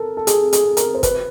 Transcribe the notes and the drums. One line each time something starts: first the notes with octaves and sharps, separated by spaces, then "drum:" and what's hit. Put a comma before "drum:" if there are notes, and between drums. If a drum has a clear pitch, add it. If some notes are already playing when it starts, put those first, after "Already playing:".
Already playing: A4 A#4
A4
G#4, drum: hi-hat
G#4, drum: hi-hat
A#4, drum: hi-hat
C5
B4, drum: kick, hi-hat